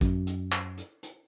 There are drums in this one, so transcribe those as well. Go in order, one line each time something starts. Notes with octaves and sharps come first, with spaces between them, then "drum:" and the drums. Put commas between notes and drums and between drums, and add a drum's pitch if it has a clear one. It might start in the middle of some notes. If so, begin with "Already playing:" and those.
F#2, drum: kick G#1, hi-hat
drum: hi-hat
drum: clap
drum: hi-hat
drum: hi-hat